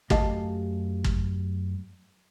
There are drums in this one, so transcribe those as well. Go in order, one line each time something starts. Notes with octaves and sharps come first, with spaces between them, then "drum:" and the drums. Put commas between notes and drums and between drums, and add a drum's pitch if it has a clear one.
F#2 A3 G4 D#5 F5 A5, drum: kick
drum: kick